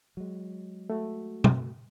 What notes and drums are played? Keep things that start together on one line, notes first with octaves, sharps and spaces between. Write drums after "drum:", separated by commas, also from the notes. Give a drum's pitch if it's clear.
F#3 G#3
A3 F#4
drum: tom